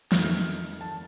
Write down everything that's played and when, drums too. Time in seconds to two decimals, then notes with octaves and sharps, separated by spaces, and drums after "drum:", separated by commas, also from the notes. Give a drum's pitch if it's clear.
0.12 F2 D#3 A3 F6, drum: snare
0.81 A5